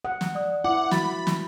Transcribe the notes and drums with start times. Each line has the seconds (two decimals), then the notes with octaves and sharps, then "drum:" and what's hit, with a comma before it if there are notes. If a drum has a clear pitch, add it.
0.05 F#5 D#6
0.21 drum: snare
0.35 D5 D#6
0.64 E4 F#5 D6
0.91 F#4 B5 A6, drum: snare
1.27 drum: snare